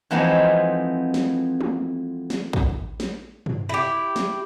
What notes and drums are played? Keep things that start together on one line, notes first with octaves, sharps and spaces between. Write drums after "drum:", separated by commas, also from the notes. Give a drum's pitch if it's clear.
F2 E3 G#3 B3 C4 D#4
drum: snare
drum: tom
drum: snare
drum: kick
drum: snare
drum: tom
E4 G4
drum: snare